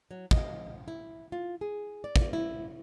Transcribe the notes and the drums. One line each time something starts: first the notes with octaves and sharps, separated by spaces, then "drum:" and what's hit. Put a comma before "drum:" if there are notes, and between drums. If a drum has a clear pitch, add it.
F#3
D#5, drum: kick
E4
F4
G#4
D5
drum: kick
E4